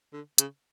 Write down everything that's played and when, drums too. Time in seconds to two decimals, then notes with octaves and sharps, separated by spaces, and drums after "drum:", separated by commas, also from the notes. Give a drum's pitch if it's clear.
0.13 D3
0.38 C#3, drum: hi-hat